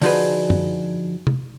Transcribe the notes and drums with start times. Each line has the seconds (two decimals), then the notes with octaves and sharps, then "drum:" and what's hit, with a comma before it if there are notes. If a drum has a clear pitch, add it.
0.02 D3 F3 D#4 F#4 G#4 B4, drum: open hi-hat
0.50 drum: tom F#2
1.27 drum: tom C3